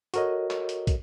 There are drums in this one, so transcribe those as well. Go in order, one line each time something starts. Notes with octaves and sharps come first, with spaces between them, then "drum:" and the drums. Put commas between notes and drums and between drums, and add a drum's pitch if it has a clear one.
F#4 A4 A#4 C#5 D#5, drum: hi-hat
drum: clap
drum: hi-hat
drum: kick, hi-hat